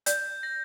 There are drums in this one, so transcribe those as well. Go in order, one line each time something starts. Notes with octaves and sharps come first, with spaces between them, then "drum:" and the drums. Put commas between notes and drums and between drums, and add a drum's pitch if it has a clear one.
D5 G6, drum: hi-hat
A#6